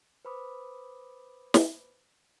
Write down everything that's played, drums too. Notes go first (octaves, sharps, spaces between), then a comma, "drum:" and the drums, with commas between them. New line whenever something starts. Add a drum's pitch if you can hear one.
B4 C5 B5 D6 D#6
drum: snare